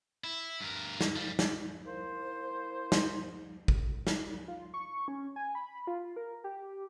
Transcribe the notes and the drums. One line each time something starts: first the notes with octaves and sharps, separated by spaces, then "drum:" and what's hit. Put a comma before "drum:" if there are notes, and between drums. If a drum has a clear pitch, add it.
E4
G2 A#4
drum: snare
F3 G3
drum: snare
A#3 E4 C5
drum: snare
drum: kick
drum: snare
F4
C#6
C#4
G#5
B5
F4
A#4
G4